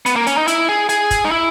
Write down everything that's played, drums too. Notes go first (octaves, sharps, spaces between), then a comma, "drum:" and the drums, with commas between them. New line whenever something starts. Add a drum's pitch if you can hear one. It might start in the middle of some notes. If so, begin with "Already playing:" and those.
B3, drum: hi-hat
A#3
C#4, drum: hi-hat
D#4
E4, drum: hi-hat
G#4
G#4, drum: hi-hat
drum: kick, hi-hat
D#4
E4